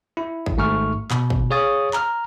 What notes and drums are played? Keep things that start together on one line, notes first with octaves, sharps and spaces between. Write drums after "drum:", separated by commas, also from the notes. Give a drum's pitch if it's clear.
E4
drum: kick
G#1 G#2 A3 C#6 F6
B2, drum: clap
drum: kick
G#4 C#5 F5 D#6 A6
A#5 F6, drum: clap